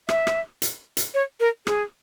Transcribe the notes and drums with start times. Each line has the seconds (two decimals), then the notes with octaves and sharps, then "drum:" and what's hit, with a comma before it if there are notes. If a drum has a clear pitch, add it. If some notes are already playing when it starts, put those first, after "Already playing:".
0.09 E5, drum: rim click
0.27 drum: rim click
0.62 drum: hi-hat
0.97 drum: hi-hat
1.14 C#5
1.40 A#4
1.67 G#4, drum: rim click